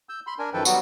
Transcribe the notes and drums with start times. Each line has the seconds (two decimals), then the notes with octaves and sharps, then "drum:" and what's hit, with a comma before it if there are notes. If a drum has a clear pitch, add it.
0.09 E6 G6
0.27 B5 C6
0.39 D4 A#4 G#5
0.54 F#2 D#3 F3 A4 B4 G5
0.65 F#3 G3 B3 F#4, drum: tambourine